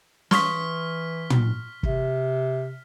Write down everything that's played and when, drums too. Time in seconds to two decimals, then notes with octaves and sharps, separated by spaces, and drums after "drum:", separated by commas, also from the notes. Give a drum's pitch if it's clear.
0.31 E3 C6 C#6 D#6 F6 B6, drum: snare
1.30 drum: tom
1.83 C3, drum: kick